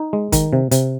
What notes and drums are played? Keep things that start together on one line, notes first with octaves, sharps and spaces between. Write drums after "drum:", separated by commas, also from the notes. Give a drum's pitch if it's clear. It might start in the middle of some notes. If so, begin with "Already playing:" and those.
Already playing: D#4
G#3
D#3, drum: kick, hi-hat
C3
C3, drum: hi-hat